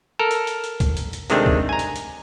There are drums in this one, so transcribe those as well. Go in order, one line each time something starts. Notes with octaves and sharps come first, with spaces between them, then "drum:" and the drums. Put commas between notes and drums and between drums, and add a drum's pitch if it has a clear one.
A4 A#4
drum: hi-hat
drum: hi-hat
drum: hi-hat
drum: kick C2, hi-hat
drum: hi-hat
drum: hi-hat
C3 D#3 G#3 A3 C4 D4, drum: hi-hat
drum: kick C2
G#5 A#5
drum: hi-hat
drum: hi-hat